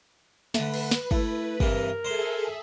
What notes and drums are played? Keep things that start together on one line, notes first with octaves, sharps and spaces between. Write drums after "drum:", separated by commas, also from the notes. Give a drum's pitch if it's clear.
D3 A3 B4, drum: snare
drum: cymbal
drum: snare
A3 E4, drum: kick
G2 C3 E3 A#4, drum: kick
G#4 A4 C5 E5 C6